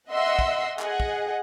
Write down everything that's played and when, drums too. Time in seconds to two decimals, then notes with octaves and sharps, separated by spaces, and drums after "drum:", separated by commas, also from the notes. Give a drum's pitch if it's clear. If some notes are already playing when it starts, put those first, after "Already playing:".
0.10 D#5 E5 F#5 C6 E6
0.39 drum: kick
0.79 G#4 D#5 F#5, drum: clap
1.00 drum: kick